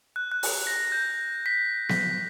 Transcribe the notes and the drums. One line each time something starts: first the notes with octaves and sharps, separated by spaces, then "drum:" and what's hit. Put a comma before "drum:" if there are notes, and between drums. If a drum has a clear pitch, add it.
F#6
F#6
drum: open hi-hat
A#6
G6
B6
B6, drum: snare B3